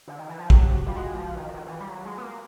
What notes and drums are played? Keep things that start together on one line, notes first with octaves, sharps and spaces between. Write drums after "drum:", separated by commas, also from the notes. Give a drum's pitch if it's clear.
D3
D#3
E3
F3
F#3 G4, drum: kick
G4
F#4
G3 F4
G#3 F#4
E3
F3
D#3
D#3
D#3
E3
G3
F#3
G#3
B3
A#3